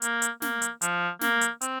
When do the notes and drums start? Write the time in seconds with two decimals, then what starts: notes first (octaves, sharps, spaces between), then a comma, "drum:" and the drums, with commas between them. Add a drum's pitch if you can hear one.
0.02 A#3, drum: hi-hat
0.22 drum: hi-hat
0.42 A#3, drum: snare
0.62 drum: hi-hat
0.82 F3, drum: hi-hat
1.21 A#3, drum: snare
1.41 drum: hi-hat
1.61 C4, drum: hi-hat